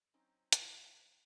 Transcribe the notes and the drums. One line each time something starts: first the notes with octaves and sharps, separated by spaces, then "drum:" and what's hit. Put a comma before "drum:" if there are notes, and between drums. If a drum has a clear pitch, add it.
F#3 C4 C#4 D#4
drum: hi-hat